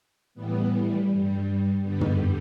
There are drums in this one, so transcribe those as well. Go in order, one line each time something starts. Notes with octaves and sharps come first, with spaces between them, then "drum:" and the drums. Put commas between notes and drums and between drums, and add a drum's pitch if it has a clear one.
A2 E3 G3 B3
G3
G2 G3
G2 D3 G3 B3
drum: tom